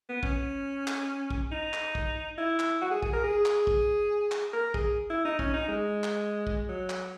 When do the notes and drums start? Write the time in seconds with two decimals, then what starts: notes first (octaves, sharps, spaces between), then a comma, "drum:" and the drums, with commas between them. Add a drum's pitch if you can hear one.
0.09 B3
0.23 C#4, drum: kick
0.87 drum: clap
1.30 drum: kick
1.52 D#4
1.74 drum: clap
1.95 drum: kick
2.38 E4
2.60 drum: clap
2.81 F#4
2.91 G#4
3.03 G#4, drum: kick
3.13 A#4
3.24 G#4
3.46 drum: clap
3.67 drum: kick
4.32 drum: clap
4.53 A#4
4.74 G#4, drum: kick
5.10 E4
5.25 D#4
5.39 C#4, drum: kick
5.54 D#4
5.68 G#3
6.04 drum: clap
6.47 drum: kick
6.69 F#3
6.90 drum: clap